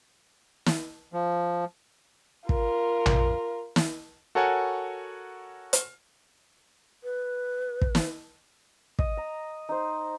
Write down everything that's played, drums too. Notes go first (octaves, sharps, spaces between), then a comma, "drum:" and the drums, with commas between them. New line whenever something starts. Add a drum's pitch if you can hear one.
drum: snare
F3
F4 A#4, drum: kick
drum: tom A#1
drum: snare
F#4 A4 A#4 C#5 F#5 G#5
drum: hi-hat
B4
drum: kick
drum: snare
D#5, drum: kick
A#5
D#4 C5